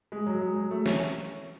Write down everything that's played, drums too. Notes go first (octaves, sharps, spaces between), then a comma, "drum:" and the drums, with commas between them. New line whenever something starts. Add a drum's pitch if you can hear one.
G#3
F#3
G#3
F#3
A3
C#4, drum: snare